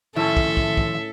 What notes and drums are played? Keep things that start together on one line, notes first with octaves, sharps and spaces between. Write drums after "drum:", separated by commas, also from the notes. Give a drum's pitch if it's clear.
A2 D#3 F3 C#4 A4 E5 A5
drum: kick
drum: kick
drum: kick